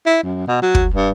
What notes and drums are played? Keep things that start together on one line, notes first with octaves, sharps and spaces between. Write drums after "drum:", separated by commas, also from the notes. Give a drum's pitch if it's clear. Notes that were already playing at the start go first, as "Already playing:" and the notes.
E4
F#2
B2
F#3
drum: kick
G2